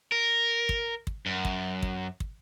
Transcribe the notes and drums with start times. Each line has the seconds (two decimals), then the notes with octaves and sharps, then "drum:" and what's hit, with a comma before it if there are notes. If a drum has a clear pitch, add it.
0.12 A#4
0.69 drum: kick
1.07 drum: kick
1.26 F#2
1.45 drum: kick
1.82 drum: kick
2.20 drum: kick